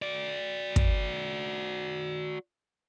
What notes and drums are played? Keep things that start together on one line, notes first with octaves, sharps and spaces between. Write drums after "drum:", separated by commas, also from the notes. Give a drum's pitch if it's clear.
F#4 D5
drum: kick